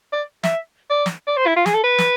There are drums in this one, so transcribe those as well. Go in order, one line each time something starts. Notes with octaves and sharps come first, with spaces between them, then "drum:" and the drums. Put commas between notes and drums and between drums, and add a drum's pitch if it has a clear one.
D5
E5, drum: snare
D5
drum: snare
D5
C5
E4
F4
G#4, drum: snare
A4
B4
drum: snare